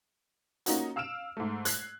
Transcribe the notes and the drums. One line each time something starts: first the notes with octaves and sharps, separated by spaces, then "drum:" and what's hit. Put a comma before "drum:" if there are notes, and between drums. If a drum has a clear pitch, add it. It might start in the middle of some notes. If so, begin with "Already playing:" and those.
A#3 C#4 D#4 F4 F#4, drum: hi-hat
F5 E6 F6 D7 E7
G#2 A3
F#6 G#6 C7, drum: hi-hat